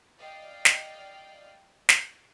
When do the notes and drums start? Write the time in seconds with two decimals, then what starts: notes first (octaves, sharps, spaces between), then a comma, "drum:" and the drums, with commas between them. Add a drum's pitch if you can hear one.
0.19 D5 D#5 F5 G5
0.65 drum: snare
1.89 drum: snare